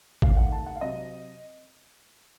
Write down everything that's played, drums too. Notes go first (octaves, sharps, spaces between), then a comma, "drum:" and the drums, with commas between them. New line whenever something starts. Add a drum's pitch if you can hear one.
C3 D#3 A3 F5, drum: kick A1
F#5
A5
F#5
F5
C3 F#3 C4 D#5